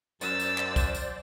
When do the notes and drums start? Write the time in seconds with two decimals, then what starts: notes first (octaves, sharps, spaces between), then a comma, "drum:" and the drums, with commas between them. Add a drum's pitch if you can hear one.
0.21 F#2 C5 D5 E6 A6, drum: tambourine
0.40 drum: tambourine
0.58 drum: clap
0.76 drum: kick, tambourine
0.94 drum: tambourine